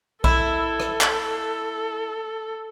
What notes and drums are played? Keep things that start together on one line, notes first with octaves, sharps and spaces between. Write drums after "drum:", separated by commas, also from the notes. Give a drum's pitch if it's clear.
E4 A4, drum: kick B1
drum: rim click
drum: clap